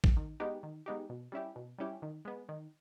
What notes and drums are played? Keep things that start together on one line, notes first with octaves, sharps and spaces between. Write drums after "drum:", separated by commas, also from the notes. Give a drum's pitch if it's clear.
drum: kick A1
D#3
G#3 B3 D#4 G4
D#3
G#3 B3 D#4 G4
B2
G3 C#4 E4 G4
B2
G3 C#4 E4 G4
D#3
G#3 B3
D#3